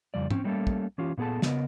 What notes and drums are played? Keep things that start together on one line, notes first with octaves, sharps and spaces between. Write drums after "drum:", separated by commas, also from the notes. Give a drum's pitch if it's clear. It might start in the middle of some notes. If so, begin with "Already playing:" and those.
F2 C#3 G3 D5
C4 C#4, drum: tom
F#3 G3 A3 A#3 C#4 A4
drum: kick
E3 C#4 F4 G4
A#2 B3 G#4 A4 A5
C#3 B3 A#4 D#5, drum: snare